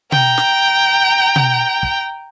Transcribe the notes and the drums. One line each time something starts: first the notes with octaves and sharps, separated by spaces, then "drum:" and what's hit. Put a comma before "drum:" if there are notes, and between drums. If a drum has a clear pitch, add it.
G5 A#5, drum: tom B2
drum: snare
drum: tom B2
drum: kick